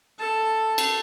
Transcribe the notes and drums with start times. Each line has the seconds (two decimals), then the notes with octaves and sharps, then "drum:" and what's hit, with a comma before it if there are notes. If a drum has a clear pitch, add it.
0.19 A4 A5
0.78 drum: cymbal